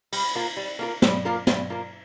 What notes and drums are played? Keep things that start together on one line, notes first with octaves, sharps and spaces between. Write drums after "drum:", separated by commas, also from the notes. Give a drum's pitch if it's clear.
G3, drum: cymbal
A#3 F4 A#4
G3
A#3 F4 A#4
G3, drum: snare
A#3 F4 A#4
G3, drum: snare
A#3 F4 A#4